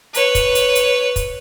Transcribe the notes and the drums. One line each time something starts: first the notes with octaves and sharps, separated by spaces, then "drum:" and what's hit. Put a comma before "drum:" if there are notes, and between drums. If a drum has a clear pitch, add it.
B4 C#5, drum: hi-hat
drum: kick, hi-hat
drum: hi-hat
drum: hi-hat
drum: kick, hi-hat